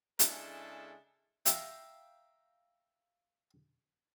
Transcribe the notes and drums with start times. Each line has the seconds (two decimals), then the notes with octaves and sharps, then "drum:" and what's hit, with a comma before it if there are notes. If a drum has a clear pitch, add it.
0.19 C#3 G#3 D4 E4 A4, drum: hi-hat
1.46 E5 F5 G5 A#5 C#6, drum: hi-hat